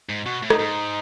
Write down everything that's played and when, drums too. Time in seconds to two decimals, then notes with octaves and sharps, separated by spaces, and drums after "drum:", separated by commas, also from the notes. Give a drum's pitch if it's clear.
0.09 G#2
0.25 B2 F#4
0.42 A2
0.50 D#4, drum: rim click
0.59 G#2